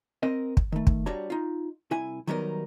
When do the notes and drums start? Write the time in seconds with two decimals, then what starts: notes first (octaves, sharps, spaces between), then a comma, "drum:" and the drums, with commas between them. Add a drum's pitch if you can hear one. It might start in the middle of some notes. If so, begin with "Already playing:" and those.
0.23 C4 A#4 D#5
0.57 drum: kick
0.72 D#3 A3
0.87 drum: kick
1.06 G3 D4 F#4 C#5 A#5
1.30 D#4 F4
1.91 C2 E4 G#5
2.27 D#3 F#3 G3 B3 D#4 A#4